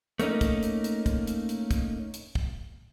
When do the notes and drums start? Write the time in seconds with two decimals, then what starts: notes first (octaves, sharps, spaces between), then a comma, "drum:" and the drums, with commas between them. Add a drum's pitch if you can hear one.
0.20 A3 A#3 C#4 D#4, drum: hi-hat
0.41 drum: kick, hi-hat
0.63 drum: hi-hat
0.84 drum: hi-hat
1.06 drum: kick, hi-hat
1.27 drum: hi-hat
1.49 drum: hi-hat
1.71 drum: kick, hi-hat
2.14 drum: hi-hat
2.35 drum: kick